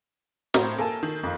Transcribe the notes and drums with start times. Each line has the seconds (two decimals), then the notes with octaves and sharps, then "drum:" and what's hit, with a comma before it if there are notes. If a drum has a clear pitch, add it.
0.54 A2 C4 A#5, drum: snare
0.78 A#3 A4 G#5 A5
1.03 D#3
1.23 F2